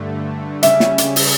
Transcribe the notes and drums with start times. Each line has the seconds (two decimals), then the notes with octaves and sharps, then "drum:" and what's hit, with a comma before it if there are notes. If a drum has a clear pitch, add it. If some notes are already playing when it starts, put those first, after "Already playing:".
Already playing: G2 D3 A3
0.63 C#3 G3 C#4 E5, drum: hi-hat
0.80 drum: snare
0.98 drum: hi-hat
1.16 drum: open hi-hat